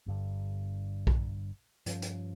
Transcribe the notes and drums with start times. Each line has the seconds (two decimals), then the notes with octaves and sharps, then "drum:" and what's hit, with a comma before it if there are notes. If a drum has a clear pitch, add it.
0.06 G1 G2 D3
1.07 drum: kick B1
1.86 G2 F3 C#4, drum: hi-hat
2.02 drum: hi-hat